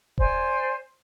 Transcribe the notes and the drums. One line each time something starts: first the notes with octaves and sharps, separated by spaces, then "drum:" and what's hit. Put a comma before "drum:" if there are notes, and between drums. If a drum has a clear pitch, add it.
C5 D5 G#5, drum: kick D#1